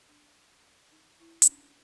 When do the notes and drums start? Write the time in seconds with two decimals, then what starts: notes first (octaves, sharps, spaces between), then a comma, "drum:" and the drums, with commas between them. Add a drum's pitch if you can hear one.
0.08 D4
0.92 D#4
1.20 E4
1.42 C#4, drum: hi-hat
1.48 D4